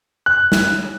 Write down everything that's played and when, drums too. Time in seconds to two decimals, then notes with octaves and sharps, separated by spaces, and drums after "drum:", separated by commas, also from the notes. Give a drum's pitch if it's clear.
0.26 F#6
0.52 drum: snare